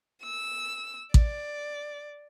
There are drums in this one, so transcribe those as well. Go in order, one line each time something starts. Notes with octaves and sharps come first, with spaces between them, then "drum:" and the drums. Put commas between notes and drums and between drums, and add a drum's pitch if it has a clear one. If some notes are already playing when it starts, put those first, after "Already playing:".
E6
D5, drum: kick A1